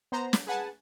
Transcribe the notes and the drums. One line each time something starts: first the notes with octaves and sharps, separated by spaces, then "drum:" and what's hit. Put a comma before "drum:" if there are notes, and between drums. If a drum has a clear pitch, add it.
B3 C5 A#5
drum: snare
G#4 B4 F#5 G#5 A5